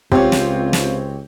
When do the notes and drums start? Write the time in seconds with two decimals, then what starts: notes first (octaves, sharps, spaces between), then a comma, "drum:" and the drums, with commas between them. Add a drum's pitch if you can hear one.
0.12 C#2 C3 C4 F4 G4 C#5, drum: kick
0.32 drum: snare
0.73 drum: snare